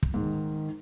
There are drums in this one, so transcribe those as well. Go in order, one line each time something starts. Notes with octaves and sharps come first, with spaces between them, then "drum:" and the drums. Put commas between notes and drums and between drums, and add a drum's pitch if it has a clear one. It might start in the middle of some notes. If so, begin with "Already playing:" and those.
drum: kick
G#2 D#3